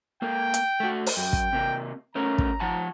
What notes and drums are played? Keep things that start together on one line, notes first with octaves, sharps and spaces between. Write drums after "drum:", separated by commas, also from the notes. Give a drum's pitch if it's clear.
A#3 A4 A#4 G5
drum: hi-hat
A3 F#4
drum: open hi-hat
F#2 G5
drum: kick
C3 A#3
A3 C#4 A#4 A#5
drum: kick
F3 F#5 A5